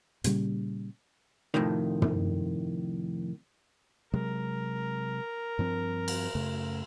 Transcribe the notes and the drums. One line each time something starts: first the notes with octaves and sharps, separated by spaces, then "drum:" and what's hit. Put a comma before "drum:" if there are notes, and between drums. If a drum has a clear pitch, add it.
A#2 C#3 G3, drum: hi-hat
F2 A2 C3 D#3
drum: tom
C3 F#3 G#3 A#4
G2 F3 C4
drum: cymbal
F#2 C#3 A3